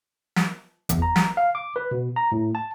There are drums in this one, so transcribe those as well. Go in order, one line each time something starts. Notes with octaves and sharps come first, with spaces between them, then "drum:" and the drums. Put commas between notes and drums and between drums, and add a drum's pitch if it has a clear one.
drum: snare
E2, drum: kick F#1, hi-hat
A#5
drum: snare
F5
D6
B4
B2
A#5
A2
A5